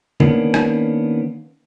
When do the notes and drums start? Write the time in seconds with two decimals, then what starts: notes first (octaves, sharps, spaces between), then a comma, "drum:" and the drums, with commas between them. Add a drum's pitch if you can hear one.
0.20 D#3 A#3 B3 C#4 D4, drum: tom
0.54 drum: rim click